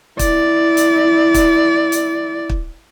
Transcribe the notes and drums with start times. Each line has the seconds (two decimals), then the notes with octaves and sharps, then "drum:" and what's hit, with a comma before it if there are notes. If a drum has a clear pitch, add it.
0.19 E4 D5, drum: kick, hi-hat
0.77 drum: hi-hat
1.34 drum: kick, hi-hat
1.92 drum: hi-hat
2.49 drum: kick